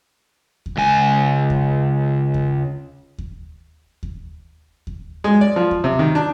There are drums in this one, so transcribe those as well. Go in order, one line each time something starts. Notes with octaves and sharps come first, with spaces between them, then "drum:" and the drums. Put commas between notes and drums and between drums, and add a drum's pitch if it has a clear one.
drum: kick D#2
C#2 G#5
drum: kick D#2
drum: kick D#2
drum: kick D#2
drum: kick D#2
drum: kick D#2
G#3
D5
F3
drum: kick D#2
C3
D#3
D4